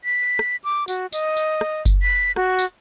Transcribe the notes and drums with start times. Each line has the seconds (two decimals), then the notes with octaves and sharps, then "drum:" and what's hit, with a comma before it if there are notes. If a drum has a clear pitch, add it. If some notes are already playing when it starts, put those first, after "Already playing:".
0.04 B6
0.39 drum: rim click
0.64 D6
0.88 F#4, drum: tambourine
1.12 D#5, drum: tambourine
1.37 drum: tambourine
1.61 drum: rim click
1.85 drum: kick F#1, tambourine
2.02 B6
2.36 F#4, drum: rim click
2.59 drum: tambourine